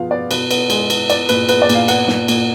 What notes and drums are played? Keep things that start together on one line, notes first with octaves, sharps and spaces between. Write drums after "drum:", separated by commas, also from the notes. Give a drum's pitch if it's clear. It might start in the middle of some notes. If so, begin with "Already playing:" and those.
Already playing: B2 F3 B3 F5
B3 D5
B2 B4, drum: cymbal
B3, drum: cymbal
G#3, drum: cymbal
B3, drum: cymbal
B3 D5, drum: cymbal
A#2 B4, drum: cymbal
B3 B4, drum: cymbal
D5
A#2, drum: cymbal
F5
B3 F#5, drum: cymbal
A#2, drum: snare
A#2, drum: cymbal